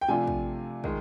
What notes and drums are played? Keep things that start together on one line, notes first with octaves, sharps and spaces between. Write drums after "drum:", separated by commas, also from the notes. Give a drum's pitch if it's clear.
G5
C3 F3 A3 D4 F4 G#5
drum: kick
D#3 G#3, drum: kick